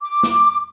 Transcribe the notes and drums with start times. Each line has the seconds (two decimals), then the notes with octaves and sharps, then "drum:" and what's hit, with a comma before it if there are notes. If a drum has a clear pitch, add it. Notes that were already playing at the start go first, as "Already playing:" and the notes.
0.02 D6
0.23 drum: snare